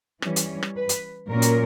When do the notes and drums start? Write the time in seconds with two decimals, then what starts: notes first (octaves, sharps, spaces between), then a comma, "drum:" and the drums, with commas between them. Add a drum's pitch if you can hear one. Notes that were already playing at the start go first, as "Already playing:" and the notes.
0.22 E3 G3 C#4, drum: rim click
0.36 drum: hi-hat
0.63 drum: rim click
0.76 B4
0.89 drum: hi-hat
1.28 A#2 F#3 C#4 A#4
1.42 drum: hi-hat